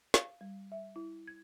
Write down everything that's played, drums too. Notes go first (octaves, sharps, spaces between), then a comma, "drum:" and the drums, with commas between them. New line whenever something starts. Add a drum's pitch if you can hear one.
F5, drum: snare
G3
E5
E4
G#6